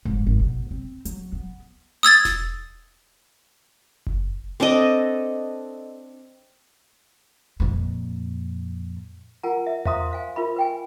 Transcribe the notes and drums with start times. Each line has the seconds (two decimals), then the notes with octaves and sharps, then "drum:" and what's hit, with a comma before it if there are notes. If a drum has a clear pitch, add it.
0.05 G#2, drum: kick F#1
0.26 G#1
0.39 B2
0.71 C4
1.05 F#3, drum: hi-hat
1.32 B3
2.03 D#6 E6 G#6 A6
2.25 drum: snare E1
4.07 drum: kick F#1
4.60 C4 D4 A4 D#5
7.60 F2 A#2
9.43 F4 A#4 F#5 G#5 A#5
9.67 E5
9.85 C5 E5 F5 A#5 C6 D#6, drum: tom E2
10.11 C5 F5 G#5
10.36 F4 A#4 E5 B5
10.56 B4 G5 G#5